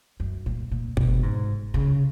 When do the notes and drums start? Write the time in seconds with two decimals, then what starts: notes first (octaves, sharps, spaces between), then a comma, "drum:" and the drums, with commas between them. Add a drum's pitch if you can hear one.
0.20 F#2
0.46 A#2
0.71 A#2
0.97 B2, drum: kick
1.23 G#2
1.74 C#3